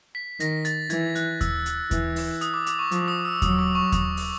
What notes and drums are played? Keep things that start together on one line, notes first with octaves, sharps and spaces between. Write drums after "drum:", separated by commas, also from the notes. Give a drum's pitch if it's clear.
B6
D#3 A#6, drum: hi-hat
A6, drum: hi-hat
E3 G#6, drum: hi-hat
F#6, drum: hi-hat
E6, drum: kick D#2, hi-hat
drum: hi-hat
E3, drum: kick D#2, hi-hat
drum: open hi-hat
D#6, drum: hi-hat
D6
D6, drum: hi-hat
C#6
F3 D6, drum: hi-hat
D#6
E6
F#3 D#6, drum: kick D#2, hi-hat
D6
C#6
D#6, drum: kick D#2, hi-hat
drum: open hi-hat